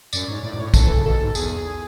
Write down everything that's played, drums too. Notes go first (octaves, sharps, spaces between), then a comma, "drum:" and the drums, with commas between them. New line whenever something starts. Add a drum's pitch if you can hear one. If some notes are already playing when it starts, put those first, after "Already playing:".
F#2 D5, drum: tambourine
G#2 C#5
A2 D5
G#2
A2 C#5
F#2 A4, drum: kick A#1, tambourine
E3
C#3
B2 A4
G#2
E2 G#4, drum: tambourine